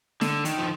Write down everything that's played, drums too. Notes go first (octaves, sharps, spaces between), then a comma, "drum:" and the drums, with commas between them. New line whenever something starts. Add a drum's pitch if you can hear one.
D3, drum: snare
D#3, drum: hi-hat
F3